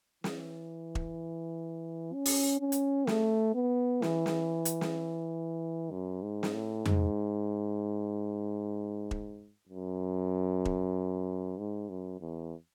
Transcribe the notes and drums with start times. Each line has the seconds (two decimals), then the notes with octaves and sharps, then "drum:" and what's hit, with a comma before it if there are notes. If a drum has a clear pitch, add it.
0.24 E3, drum: snare
0.95 drum: kick E1
2.13 C#4
2.26 drum: open hi-hat
2.60 C#4
2.72 drum: hi-hat
3.07 A3, drum: snare
3.54 B3
4.02 E3, drum: snare
4.26 drum: snare
4.65 drum: hi-hat
4.81 drum: snare
5.91 F#2
6.22 G#2
6.43 drum: snare
6.54 A2
6.86 G#2, drum: tom F2
9.11 drum: kick E1
9.69 F#2
10.65 drum: kick E1
11.58 G#2
11.90 F#2
12.21 E2